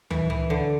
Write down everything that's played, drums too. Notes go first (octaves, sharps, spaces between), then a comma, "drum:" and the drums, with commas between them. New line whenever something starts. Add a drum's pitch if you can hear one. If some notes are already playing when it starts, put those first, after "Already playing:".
E3, drum: tom D2
E3
D3